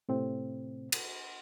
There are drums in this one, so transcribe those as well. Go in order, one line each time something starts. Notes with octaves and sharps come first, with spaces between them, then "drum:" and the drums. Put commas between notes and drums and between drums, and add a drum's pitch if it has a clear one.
A2 C3 C4
drum: cymbal